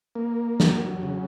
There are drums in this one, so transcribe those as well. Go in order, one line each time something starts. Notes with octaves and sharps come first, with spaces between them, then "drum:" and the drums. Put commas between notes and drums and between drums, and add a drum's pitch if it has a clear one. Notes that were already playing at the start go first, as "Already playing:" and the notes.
A#3
F#3, drum: snare
C#3